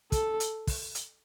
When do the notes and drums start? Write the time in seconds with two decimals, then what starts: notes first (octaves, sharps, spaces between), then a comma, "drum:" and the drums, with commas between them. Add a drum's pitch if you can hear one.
0.12 A4, drum: kick, hi-hat
0.40 drum: hi-hat
0.67 drum: kick, open hi-hat
0.95 drum: hi-hat